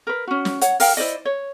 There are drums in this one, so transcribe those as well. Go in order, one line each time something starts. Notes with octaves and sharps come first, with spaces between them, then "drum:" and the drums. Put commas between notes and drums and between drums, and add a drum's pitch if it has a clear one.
A#4 B4
C#4 F#4
drum: snare
C#5 F#5, drum: hi-hat
A#4 F5 G5, drum: open hi-hat
E4 C5 D5 D#5
C#5